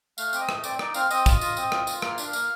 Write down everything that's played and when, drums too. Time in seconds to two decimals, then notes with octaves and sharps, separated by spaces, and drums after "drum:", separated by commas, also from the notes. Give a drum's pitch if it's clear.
0.18 A3 F5 F6, drum: tambourine
0.33 C4 D6, drum: tambourine
0.41 D#5 D#6
0.49 A3, drum: rim click
0.64 C4 D5 D6, drum: tambourine
0.79 D#4 D5 D6, drum: rim click
0.94 C4 F5 F6, drum: tambourine
1.11 C4 D#5 D#6, drum: tambourine
1.26 F4, drum: kick, tambourine
1.41 F4, drum: tambourine
1.57 C4, drum: tambourine
1.72 F4, drum: rim click
1.87 F4, drum: tambourine
2.02 A#3 F5 F6, drum: rim click
2.18 D4, drum: tambourine
2.33 A#3, drum: tambourine